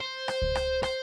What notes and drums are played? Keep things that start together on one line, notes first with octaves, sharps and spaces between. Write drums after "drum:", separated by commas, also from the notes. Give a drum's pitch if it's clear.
C5
drum: rim click
drum: kick C#2
drum: rim click
C5, drum: rim click